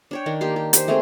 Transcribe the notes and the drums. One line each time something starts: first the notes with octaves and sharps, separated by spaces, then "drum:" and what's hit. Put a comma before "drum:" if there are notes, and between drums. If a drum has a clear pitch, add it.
D4 C#5 G5
D#3 D4
A#3 G4 C6
G4
G4 C5, drum: hi-hat
A3 A#3 C4 G#4